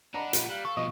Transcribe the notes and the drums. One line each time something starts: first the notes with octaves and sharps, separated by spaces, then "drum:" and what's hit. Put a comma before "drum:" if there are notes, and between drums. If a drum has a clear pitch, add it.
D3 D4 D#5 F#5 A#5 B5
A#2 F3, drum: hi-hat
G3 F5 F6 F#6
A4 F5 C#6
B2 F3 D#5 C#6